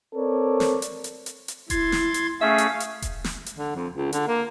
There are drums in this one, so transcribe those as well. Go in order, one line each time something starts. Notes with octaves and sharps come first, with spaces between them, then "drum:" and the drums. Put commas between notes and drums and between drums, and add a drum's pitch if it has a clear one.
C4 A4 A#4 C#5 D5
drum: snare
drum: hi-hat
drum: hi-hat
drum: hi-hat
drum: hi-hat
E4 C6 G#6 A6, drum: kick E1, hi-hat
drum: snare
drum: hi-hat
A3 C#4 G#4 E5 F5
drum: hi-hat
drum: hi-hat
drum: kick E1, hi-hat
drum: snare
drum: hi-hat
D3
F2
C#2
D3, drum: hi-hat
A#3